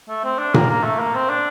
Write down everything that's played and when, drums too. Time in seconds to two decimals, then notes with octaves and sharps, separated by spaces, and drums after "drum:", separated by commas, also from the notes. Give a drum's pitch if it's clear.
0.09 A3
0.24 C4
0.39 D4
0.54 A#3, drum: tom A#2
0.70 A#3
0.84 A3
0.99 A#3
1.15 C4
1.30 D4